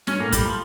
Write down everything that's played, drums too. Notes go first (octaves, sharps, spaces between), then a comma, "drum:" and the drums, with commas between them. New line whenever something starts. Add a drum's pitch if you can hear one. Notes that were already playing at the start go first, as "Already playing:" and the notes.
G2 C#4, drum: snare
A2 A#3
A2 G3, drum: kick, hi-hat
F3